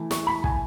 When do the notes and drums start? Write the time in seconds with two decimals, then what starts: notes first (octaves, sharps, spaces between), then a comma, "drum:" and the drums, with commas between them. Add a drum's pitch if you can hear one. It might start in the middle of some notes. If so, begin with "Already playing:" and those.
Already playing: E3 A3 E4
0.11 C#6, drum: snare
0.27 B5
0.44 G#5, drum: kick